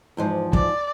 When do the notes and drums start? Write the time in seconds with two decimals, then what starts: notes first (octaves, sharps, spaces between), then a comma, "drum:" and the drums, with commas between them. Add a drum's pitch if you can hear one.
0.17 E2 G#2 F3
0.53 D5, drum: kick